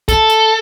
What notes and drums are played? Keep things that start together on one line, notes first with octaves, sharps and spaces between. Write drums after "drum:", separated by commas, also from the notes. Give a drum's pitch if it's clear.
A4, drum: kick, hi-hat
drum: hi-hat